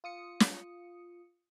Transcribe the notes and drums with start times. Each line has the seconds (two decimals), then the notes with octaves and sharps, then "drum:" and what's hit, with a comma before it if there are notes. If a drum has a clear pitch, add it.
0.04 F4 D#6 C#7
0.40 drum: snare